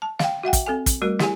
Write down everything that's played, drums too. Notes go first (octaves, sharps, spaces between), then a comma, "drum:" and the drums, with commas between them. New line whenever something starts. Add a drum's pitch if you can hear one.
A5
F5 G5, drum: snare
F#4 E5 F#5 G5
drum: kick, hi-hat
C4 A4 G#5
drum: kick, hi-hat
G3 A3 F#4 A#4
E4 G4 G#4 G#5, drum: snare